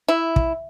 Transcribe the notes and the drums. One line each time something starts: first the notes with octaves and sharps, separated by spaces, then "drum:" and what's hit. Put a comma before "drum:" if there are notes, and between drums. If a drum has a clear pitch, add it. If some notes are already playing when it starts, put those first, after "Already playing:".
E4
drum: kick